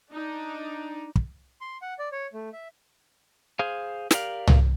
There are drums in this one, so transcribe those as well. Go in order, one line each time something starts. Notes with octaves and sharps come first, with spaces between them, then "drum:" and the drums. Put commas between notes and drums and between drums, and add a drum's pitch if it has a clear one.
D4 D#4
drum: kick
C6
F#5
D5
C#5
A3
E5
G#4 C5 F5
G4 A#4 B4 D5 F5, drum: snare
drum: tom C2